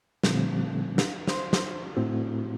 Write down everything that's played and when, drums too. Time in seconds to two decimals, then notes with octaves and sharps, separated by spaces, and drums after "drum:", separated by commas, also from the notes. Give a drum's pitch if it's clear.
0.23 A#2 D3 F3 G3 A3 C4, drum: snare
0.98 drum: snare
1.27 C5 C6, drum: snare
1.53 drum: snare
1.97 A2 A3 C4 E4 F#4